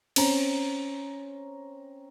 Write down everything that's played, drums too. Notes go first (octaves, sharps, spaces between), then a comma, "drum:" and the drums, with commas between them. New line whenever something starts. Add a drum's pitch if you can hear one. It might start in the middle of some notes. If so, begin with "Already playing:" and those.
C4 C#4 A#5, drum: cymbal